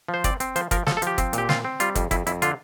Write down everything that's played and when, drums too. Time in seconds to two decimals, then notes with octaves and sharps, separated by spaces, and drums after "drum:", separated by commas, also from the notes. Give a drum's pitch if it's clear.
0.08 F3
0.14 C5
0.24 C4 D5, drum: kick, hi-hat
0.40 C4, drum: hi-hat
0.56 F3 C5, drum: hi-hat
0.71 F3 A#4, drum: kick, hi-hat
0.87 F3 A4, drum: snare
0.97 A4
1.02 F3 G4, drum: hi-hat
1.18 C4, drum: kick, hi-hat
1.33 A#2 G4, drum: hi-hat
1.49 C4 F4, drum: snare
1.65 C4
1.80 G3 F4, drum: hi-hat
1.95 F2, drum: kick, hi-hat
2.11 F2 E4, drum: kick, hi-hat
2.27 F2 E4, drum: hi-hat
2.42 D3 F4, drum: hi-hat